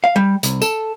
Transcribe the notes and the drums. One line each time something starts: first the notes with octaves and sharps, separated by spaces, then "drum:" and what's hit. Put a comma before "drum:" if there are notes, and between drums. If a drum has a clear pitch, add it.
F5
G3
C2, drum: hi-hat
A4, drum: tambourine